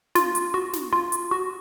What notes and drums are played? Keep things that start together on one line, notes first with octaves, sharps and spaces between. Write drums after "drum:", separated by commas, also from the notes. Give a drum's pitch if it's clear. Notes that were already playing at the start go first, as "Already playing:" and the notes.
F4, drum: snare
drum: hi-hat
F#4
drum: snare
F4
drum: hi-hat
F#4